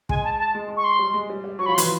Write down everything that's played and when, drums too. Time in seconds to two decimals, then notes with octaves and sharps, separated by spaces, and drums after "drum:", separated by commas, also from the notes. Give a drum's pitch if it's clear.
0.09 G#3 G#5, drum: kick
0.24 A5
0.39 A5
0.55 G#3
0.69 G#3
0.77 C#6
0.84 C6
0.99 G3
1.14 G#3
1.30 G3
1.44 G3
1.59 F#3 C#6
1.66 F3 B5
1.74 C6
1.78 E3, drum: hi-hat